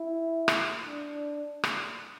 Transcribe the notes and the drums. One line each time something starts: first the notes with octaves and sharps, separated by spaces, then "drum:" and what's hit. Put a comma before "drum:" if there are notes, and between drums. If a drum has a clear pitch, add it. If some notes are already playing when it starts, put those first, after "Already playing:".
Already playing: E4
drum: rim click
D4
drum: rim click